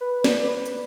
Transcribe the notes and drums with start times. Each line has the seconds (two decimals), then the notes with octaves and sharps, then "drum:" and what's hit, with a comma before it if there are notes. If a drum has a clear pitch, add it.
0.01 B4
0.24 D5, drum: snare
0.48 B4
0.65 drum: hi-hat